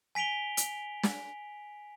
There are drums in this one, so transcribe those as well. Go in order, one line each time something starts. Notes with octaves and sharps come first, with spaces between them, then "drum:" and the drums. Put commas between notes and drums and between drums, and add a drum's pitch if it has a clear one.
G#5 B6 D7 F7 G7
drum: hi-hat
drum: snare